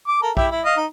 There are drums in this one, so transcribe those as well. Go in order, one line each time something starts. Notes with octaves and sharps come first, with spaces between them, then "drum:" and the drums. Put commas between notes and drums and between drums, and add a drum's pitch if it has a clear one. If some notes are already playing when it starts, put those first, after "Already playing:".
D6
A4 A#4
E4 G4 E5, drum: kick
E4
D#5 F5
D#4